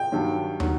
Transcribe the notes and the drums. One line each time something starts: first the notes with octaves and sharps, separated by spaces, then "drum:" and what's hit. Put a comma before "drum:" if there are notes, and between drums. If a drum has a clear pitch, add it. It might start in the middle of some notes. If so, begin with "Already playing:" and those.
Already playing: G5
G2 D#3 F#3
D#3 F#3, drum: tom